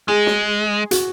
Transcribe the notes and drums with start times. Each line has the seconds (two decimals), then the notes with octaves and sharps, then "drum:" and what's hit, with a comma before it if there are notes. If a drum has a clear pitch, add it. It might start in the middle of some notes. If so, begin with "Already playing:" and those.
0.08 G#3 G#4
0.27 drum: snare
0.91 F#4, drum: hi-hat